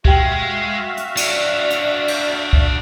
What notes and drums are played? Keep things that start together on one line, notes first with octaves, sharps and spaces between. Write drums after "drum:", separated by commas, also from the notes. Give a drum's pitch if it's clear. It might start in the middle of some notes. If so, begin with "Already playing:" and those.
G#3 F#4 G4 E5 F5 G5, drum: kick
drum: hi-hat
D4 C#5 D5, drum: cymbal
drum: hi-hat
drum: cymbal
drum: kick